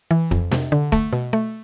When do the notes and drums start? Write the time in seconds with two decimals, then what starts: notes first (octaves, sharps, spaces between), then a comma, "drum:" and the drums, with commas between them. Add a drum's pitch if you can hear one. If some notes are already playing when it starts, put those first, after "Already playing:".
0.11 E3
0.31 F2, drum: kick
0.52 C3, drum: snare
0.72 D3
0.92 A3, drum: kick
1.13 B2
1.33 A3